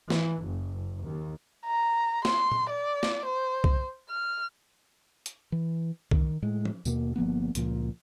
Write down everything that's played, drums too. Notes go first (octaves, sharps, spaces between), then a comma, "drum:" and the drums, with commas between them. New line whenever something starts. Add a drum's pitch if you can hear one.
E3, drum: snare
F#1
D#2
A#5
C6, drum: snare
drum: tom A#2
D5
drum: snare
C5
drum: kick
F6
drum: hi-hat
E3
D#3, drum: kick
A2 G#3
drum: tom F3
D#2 B2 A#3, drum: tambourine
G1 F3 A#3 B3
C#2 A#2 F3, drum: hi-hat